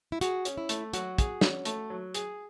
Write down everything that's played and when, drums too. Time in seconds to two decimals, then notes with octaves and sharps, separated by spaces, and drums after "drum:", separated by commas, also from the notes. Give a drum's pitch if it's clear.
0.12 E4
0.21 F#4 G#4, drum: hi-hat
0.45 C#4, drum: hi-hat
0.58 E4
0.69 A3, drum: hi-hat
0.94 F#3 F#4, drum: hi-hat
1.18 G#4, drum: kick, hi-hat
1.41 C#4, drum: snare
1.65 A3, drum: hi-hat
1.90 F#3
2.14 G#4, drum: hi-hat